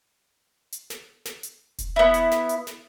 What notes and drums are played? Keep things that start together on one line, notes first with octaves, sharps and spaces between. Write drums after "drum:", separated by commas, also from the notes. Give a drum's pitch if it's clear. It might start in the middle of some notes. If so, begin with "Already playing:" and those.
drum: hi-hat
drum: snare
drum: snare
drum: hi-hat
drum: kick E1, hi-hat
B3 E4
drum: hi-hat
drum: snare
drum: hi-hat
drum: snare